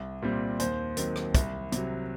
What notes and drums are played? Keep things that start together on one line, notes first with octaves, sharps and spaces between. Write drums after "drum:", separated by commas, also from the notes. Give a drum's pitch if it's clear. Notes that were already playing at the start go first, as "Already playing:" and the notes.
Already playing: C2
A#2 G3 C4
D#2 C5, drum: hi-hat
D#3 F#3 C4, drum: hi-hat
drum: rim click
C2, drum: kick, hi-hat
C3 F#3, drum: hi-hat